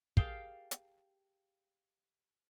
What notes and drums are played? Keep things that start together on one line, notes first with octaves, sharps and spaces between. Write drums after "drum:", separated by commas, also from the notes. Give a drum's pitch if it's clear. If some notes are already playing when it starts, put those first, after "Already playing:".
G4 G#4 A#4 F5 G5 A5, drum: kick
drum: hi-hat